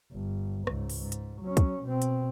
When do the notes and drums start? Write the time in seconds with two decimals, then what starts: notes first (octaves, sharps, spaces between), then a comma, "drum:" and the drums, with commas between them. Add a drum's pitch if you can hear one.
0.13 G1
0.67 C#2 G#2, drum: rim click
0.90 drum: open hi-hat
1.01 G#2
1.12 drum: hi-hat
1.41 F#3 C#4
1.57 drum: kick, hi-hat
1.84 B2 C4
2.02 drum: hi-hat